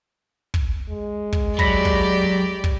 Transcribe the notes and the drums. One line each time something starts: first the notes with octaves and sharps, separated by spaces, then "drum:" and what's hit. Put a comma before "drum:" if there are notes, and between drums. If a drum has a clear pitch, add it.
drum: kick
G#3
drum: kick
F#3 G4 D5 B5 A#6 B6, drum: kick
drum: kick
drum: kick